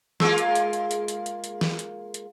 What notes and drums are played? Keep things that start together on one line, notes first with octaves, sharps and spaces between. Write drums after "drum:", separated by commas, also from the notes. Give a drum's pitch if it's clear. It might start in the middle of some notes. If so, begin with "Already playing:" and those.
G#3 A#3 F4, drum: snare E3
drum: hi-hat
drum: hi-hat
drum: hi-hat
drum: hi-hat
drum: hi-hat
drum: hi-hat
drum: hi-hat
drum: snare E3
drum: hi-hat
drum: hi-hat